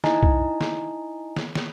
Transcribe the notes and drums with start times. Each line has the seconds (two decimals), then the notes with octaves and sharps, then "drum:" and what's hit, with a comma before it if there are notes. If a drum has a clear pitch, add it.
0.04 D#4 E4 D#5 G#5 A#5, drum: snare
0.23 drum: kick B1
0.61 drum: snare
1.36 drum: snare
1.55 drum: snare